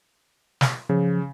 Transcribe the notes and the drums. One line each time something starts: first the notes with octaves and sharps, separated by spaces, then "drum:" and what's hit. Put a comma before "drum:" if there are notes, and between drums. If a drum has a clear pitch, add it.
drum: snare
C#3 F3